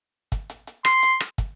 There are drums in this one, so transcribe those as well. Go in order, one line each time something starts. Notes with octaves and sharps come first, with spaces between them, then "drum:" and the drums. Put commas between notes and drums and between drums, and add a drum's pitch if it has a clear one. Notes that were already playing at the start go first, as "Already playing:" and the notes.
drum: kick, hi-hat
drum: hi-hat
drum: hi-hat
C6, drum: rim click
drum: hi-hat
drum: rim click
drum: kick, hi-hat